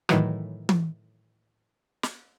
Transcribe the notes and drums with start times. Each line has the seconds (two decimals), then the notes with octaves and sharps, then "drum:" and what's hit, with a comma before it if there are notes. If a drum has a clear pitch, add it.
0.09 A2 D#3 E3 F#3, drum: rim click
0.69 drum: tom E3
2.03 drum: snare